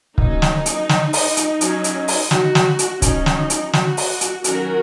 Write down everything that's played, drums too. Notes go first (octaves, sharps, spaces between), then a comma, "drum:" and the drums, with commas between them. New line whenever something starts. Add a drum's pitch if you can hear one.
F#3 A#3 C#4 D#4, drum: kick
drum: snare
drum: hi-hat
drum: snare
drum: open hi-hat
drum: hi-hat
F#3 C#4, drum: hi-hat
drum: hi-hat
drum: open hi-hat
F#4, drum: snare
drum: snare
drum: hi-hat
F#3 C#4 D#4, drum: kick, hi-hat
drum: snare
drum: hi-hat
F#4, drum: snare
drum: open hi-hat
drum: hi-hat
D#3 F#3 C#4 F#4 A#4, drum: hi-hat